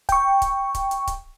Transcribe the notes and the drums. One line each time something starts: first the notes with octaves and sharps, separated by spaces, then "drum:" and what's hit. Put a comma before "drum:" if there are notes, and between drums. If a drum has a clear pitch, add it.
G5 C#6, drum: kick C#1, hi-hat
drum: kick C#1, hi-hat
drum: kick C#1, hi-hat
drum: hi-hat
drum: kick C#1, hi-hat